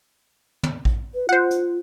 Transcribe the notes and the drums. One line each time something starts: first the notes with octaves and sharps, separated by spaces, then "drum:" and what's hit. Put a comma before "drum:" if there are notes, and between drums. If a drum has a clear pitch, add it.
drum: tom
drum: kick A1
B4
F4 C5 F#5
drum: hi-hat